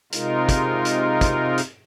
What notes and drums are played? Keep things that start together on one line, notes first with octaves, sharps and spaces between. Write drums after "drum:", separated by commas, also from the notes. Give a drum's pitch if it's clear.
C3 G#3 D#4 F4 A#4, drum: hi-hat
drum: kick, hi-hat
drum: hi-hat
drum: kick, hi-hat
drum: hi-hat